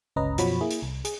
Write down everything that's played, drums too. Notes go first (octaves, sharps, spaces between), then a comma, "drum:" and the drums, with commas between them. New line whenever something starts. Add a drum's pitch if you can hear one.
G1 C#2 C#4 B4 D#5 A#5
F#2 B2 F3 F#4 C#5 B5, drum: hi-hat
A#3 E4 G#4
drum: hi-hat
C2
G#4, drum: hi-hat